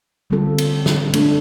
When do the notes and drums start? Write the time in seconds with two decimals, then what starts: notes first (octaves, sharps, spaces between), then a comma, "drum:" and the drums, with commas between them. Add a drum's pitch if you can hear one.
0.30 D3 G3 C4 F4 A4
0.58 drum: cymbal
0.86 drum: snare
1.13 A3 D4 A4, drum: cymbal